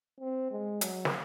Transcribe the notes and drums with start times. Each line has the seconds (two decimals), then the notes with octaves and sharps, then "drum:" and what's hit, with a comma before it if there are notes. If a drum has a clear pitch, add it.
0.20 C4
0.51 G#3
0.81 F#3, drum: hi-hat
1.05 drum: snare